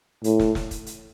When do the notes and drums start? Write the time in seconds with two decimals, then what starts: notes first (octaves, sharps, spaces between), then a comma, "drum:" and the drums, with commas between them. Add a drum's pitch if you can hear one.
0.24 A2, drum: hi-hat
0.40 drum: snare
0.55 drum: snare
0.71 drum: kick, hi-hat
0.86 drum: hi-hat